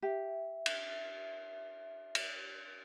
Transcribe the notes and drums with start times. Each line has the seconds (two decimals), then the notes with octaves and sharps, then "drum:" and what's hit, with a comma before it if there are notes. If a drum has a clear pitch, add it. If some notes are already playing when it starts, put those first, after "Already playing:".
0.03 G4 E5
0.66 drum: cymbal
2.15 drum: cymbal